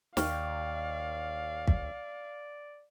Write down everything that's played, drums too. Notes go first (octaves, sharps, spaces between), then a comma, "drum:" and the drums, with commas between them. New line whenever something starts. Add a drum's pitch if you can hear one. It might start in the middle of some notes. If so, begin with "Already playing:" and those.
D#2 D5 F5 G5 C#6 F6, drum: snare
D5, drum: kick